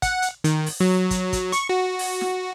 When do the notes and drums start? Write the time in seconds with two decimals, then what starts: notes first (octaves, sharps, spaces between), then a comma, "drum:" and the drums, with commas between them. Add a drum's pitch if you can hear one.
0.02 F#5, drum: kick, hi-hat
0.22 drum: hi-hat
0.44 D#3, drum: hi-hat
0.66 drum: open hi-hat
0.80 F#3
1.10 drum: kick, hi-hat
1.33 drum: kick, hi-hat
1.52 C#6, drum: hi-hat
1.69 F#4
1.99 drum: open hi-hat
2.21 drum: snare